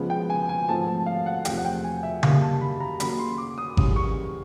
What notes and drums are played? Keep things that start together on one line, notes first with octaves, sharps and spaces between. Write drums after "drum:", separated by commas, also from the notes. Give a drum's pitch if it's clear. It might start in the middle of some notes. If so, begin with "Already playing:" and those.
Already playing: C#3 F3 G#3 B3
G5
G#5
G#5
G#2 F3 A3 C4 A5
A5
F5
F#5
E2 C3 F3 A3 C4 G5, drum: hi-hat
F#5
G5
G#5
E5
F#2 D#3 G3 A#3 F5, drum: tom C#3
A5
B5
A#5
C#3 F#3 A#3 B5, drum: hi-hat
C6
D6
D#6
F#2 C#3 E3 G3 D#6, drum: kick G#1
C#6